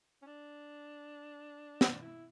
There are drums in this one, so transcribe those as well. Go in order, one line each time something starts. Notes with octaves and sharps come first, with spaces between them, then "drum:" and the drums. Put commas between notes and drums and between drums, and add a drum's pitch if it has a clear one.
C#4
D4
drum: snare
E4